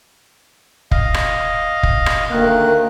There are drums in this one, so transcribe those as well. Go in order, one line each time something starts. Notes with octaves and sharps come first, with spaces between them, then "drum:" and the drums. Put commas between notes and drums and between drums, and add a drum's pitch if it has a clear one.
D#5 F5, drum: kick
drum: rim click
drum: kick
drum: rim click
D2 D#3 A#3 F#6